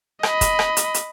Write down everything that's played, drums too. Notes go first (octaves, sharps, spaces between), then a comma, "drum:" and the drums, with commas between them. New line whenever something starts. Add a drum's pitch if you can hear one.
D#5 B5, drum: rim click
drum: kick, hi-hat
drum: rim click
drum: hi-hat
drum: hi-hat